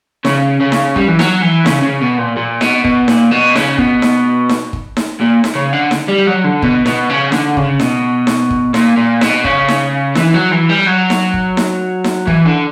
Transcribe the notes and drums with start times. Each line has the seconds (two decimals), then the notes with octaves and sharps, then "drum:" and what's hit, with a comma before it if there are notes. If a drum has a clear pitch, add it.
0.25 C#3, drum: snare D#4
0.60 C#3
0.72 drum: snare D#4
0.96 G3, drum: kick
1.08 E3
1.19 F#3, drum: snare D#4
1.42 E3
1.66 C#3, drum: snare D#4
1.83 C#3
2.02 B2
2.19 A#2
2.37 A#2
2.61 B2, drum: snare D#4
2.84 B2, drum: kick
3.08 A#2, drum: snare D#4
3.32 B2
3.55 C#3, drum: snare D#4
3.78 B2, drum: kick
4.02 drum: snare D#4
4.49 drum: snare D#4
4.73 drum: kick
4.97 drum: snare D#4
5.21 A#2
5.44 drum: snare D#4
5.55 C#3
5.73 D3
5.91 drum: snare D#4
6.08 G3
6.27 F#3
6.44 D3
6.62 B2, drum: kick
6.86 B2, drum: snare D#4
7.09 C#3
7.32 D3, drum: snare D#4
7.57 C#3, drum: kick
7.80 B2, drum: snare D#4
8.27 drum: snare D#4
8.50 drum: kick
8.74 A#2, drum: snare D#4
8.97 A#2
9.21 B2, drum: snare D#4
9.44 C#3, drum: kick
9.68 drum: snare D#4
10.15 E3, drum: snare D#4
10.34 F#3
10.52 E3
10.69 G3
10.86 F#3
11.10 drum: snare D#4
11.34 drum: kick
11.57 drum: snare D#4
12.04 drum: snare D#4
12.27 E3, drum: kick
12.45 D3